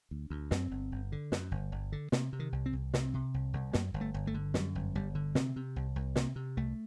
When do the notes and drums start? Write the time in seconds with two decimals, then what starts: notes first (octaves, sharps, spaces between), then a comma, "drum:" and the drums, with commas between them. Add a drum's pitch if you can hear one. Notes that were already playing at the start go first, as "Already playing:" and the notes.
0.11 D2
0.30 D2
0.51 F#2 C4, drum: snare
0.71 G1
0.92 G1
1.12 D3
1.32 F#2, drum: snare
1.51 G1
1.72 G1
1.92 D3
2.12 C3 A#3, drum: snare
2.33 C3
2.39 D#3
2.52 C2
2.66 C4
2.73 C2
2.94 C3 C4, drum: snare
3.14 C3
3.34 C2
3.53 C2
3.73 F#2 A#3, drum: snare
3.94 G1
4.01 A3
4.14 G1
4.27 A3
4.34 D3
4.54 F#2 G3, drum: snare
4.75 G1
4.95 G1 G3
5.15 D3
5.35 C3 C4, drum: snare
5.56 C3
5.76 C2
5.96 C2
6.16 C3 A#3, drum: snare
6.36 C3
6.57 C2 A3